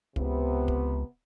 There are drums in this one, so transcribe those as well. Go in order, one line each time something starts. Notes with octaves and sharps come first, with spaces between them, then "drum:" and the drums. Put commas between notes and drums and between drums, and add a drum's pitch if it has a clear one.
C#2 C3 B3, drum: kick
drum: kick